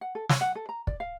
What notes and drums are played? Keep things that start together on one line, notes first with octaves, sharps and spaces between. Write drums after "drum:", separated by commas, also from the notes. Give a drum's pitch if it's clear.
F#5
A4
C#5, drum: snare
F#5
A4
A#5
D5, drum: kick
F5